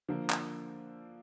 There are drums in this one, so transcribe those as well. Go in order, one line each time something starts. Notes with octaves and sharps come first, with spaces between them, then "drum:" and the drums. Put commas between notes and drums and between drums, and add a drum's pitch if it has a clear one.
D3 F3 A#3
drum: clap